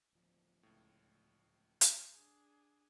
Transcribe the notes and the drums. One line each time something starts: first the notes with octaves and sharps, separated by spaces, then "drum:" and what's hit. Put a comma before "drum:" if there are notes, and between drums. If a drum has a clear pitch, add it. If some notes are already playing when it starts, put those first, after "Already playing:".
D1 F3
C#2 A2
drum: hi-hat
D4 G#4